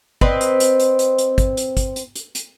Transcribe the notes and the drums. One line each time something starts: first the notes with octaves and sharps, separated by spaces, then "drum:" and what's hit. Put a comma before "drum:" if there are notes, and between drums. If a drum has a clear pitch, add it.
C4 B4 D#5, drum: kick
drum: hi-hat
drum: hi-hat
drum: hi-hat
drum: hi-hat
drum: hi-hat
drum: kick, hi-hat
drum: hi-hat
drum: kick, hi-hat
drum: hi-hat
drum: hi-hat
drum: hi-hat